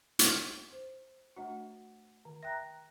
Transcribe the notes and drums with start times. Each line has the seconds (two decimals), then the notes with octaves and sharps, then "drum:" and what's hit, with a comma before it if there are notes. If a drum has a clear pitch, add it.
0.19 drum: hi-hat
0.73 C5
1.37 A3 D4 F#4 F#5
2.25 D#3
2.43 E5 G5 A#5 F#6 A#6